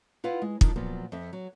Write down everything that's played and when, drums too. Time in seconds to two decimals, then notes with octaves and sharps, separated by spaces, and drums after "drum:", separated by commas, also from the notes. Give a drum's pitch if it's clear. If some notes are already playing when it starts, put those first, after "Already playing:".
0.24 E4 F4 B4 F5 F#5
0.42 G#3
0.61 D#3 F3 D4 D#4, drum: kick
0.76 A#2 F3 F#3 B3
1.12 F2 E5
1.33 F#3